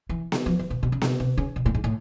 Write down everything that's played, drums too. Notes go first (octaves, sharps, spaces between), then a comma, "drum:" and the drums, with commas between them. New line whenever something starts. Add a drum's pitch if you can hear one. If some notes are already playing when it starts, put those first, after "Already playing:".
E3
drum: snare B3
F3
E3
A#2
B2
C#3
C3, drum: snare B3
C3
C#3
B2
A2
G#2
A2